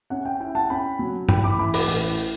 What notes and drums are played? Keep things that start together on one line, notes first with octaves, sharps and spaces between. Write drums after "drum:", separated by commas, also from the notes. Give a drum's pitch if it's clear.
C#4 F#5
G5
E4 G5
F#5 A5
C#4 G5 B5
F#3
A1 G5 B5, drum: tom
B5 D6
E3 B5 D6
B5 D6, drum: open hi-hat
A1